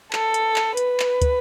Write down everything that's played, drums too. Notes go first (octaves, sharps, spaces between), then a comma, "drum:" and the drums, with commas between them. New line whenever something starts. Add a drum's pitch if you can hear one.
A4, drum: clap
drum: hi-hat
drum: clap
B4, drum: hi-hat
drum: clap
drum: kick, hi-hat